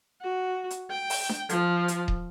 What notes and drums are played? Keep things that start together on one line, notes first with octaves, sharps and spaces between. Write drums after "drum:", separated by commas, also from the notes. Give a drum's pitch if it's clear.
F#4
drum: hi-hat
G5
drum: open hi-hat
drum: snare D4
F3, drum: hi-hat
drum: hi-hat
drum: kick D#1